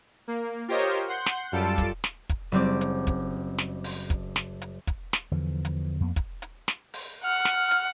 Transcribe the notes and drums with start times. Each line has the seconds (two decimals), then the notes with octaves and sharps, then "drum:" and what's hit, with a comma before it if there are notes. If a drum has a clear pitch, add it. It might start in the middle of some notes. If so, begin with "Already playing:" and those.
0.28 A#3
0.68 F4 G4 A#4 C5 C#5 D#5
1.08 F#5 C6 G6
1.26 drum: snare
1.52 F#2 G3 F4 A4 A5 D7
1.78 drum: kick, hi-hat
2.04 drum: snare
2.29 drum: kick, hi-hat
2.52 F#1 G3 C4 D6
2.81 drum: hi-hat
3.07 drum: kick, hi-hat
3.58 drum: snare
3.84 drum: open hi-hat
4.10 drum: kick, hi-hat
4.36 drum: snare
4.62 drum: hi-hat
4.87 drum: kick, hi-hat
5.13 drum: snare
5.31 E2 D3 E3 F3
5.65 drum: hi-hat
6.01 F2 A#3 B3
6.16 drum: kick, hi-hat
6.42 drum: hi-hat
6.68 drum: snare
6.94 drum: open hi-hat
7.24 F#5 F6
7.45 drum: snare
7.71 drum: hi-hat